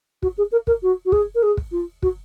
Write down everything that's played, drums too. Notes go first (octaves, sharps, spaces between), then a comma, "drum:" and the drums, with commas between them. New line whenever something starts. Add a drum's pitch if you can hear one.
F#4, drum: kick
G#4
A#4
A#4, drum: kick
F#4
F#4
G#4, drum: kick
A#4
G#4
drum: kick
F4
F#4, drum: kick